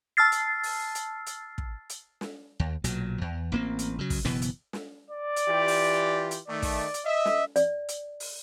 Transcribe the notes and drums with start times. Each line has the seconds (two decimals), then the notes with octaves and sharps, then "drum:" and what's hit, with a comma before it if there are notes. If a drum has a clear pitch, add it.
0.17 A5 E6 F6 A6 C7
0.32 drum: hi-hat
0.63 drum: open hi-hat
0.95 drum: hi-hat
1.26 drum: hi-hat
1.58 drum: kick
1.89 drum: hi-hat
2.21 drum: snare
2.60 D#2
2.84 B1 A#2 F#3, drum: hi-hat
3.21 E2
3.52 A1 A#3 C4
3.79 drum: hi-hat
3.99 C#3 F#3
4.10 drum: kick, open hi-hat
4.25 F#1 B2 E3 B3
4.42 drum: hi-hat
4.73 drum: snare
5.10 D5
5.36 drum: hi-hat
5.48 E3 F4 G4
5.68 drum: open hi-hat
6.31 drum: hi-hat
6.48 D#3 A3 D5
6.62 drum: kick, open hi-hat
6.94 drum: hi-hat
7.05 D#5 E5
7.25 drum: snare
7.56 D5, drum: hi-hat
7.88 drum: hi-hat
8.20 drum: open hi-hat